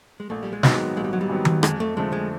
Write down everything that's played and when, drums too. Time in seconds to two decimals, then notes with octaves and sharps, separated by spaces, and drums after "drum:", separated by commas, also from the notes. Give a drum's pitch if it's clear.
0.20 G#3
0.30 A#1 A3
0.43 G3
0.53 G#3
0.63 G#2 D#3 F#3 B3, drum: snare
0.75 G#3
0.96 A#1 G#3
1.04 G3
1.13 F#3
1.21 G3
1.29 G#2 D#3 F#3 B3
1.45 drum: tom D#3
1.63 F2 G#3, drum: rim click
1.80 A3
1.97 D3 F3 G#3 A3
2.12 G#3